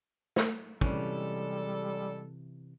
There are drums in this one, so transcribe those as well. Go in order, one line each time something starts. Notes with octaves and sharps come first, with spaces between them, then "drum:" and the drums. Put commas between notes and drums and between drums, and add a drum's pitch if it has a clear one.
drum: snare
C3 E3 G3 G#3 C#4 A4, drum: kick